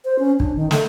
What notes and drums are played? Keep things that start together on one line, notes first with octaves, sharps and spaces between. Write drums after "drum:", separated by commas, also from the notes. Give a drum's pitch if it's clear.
C5
C#4
D4, drum: kick
D#3
A3, drum: snare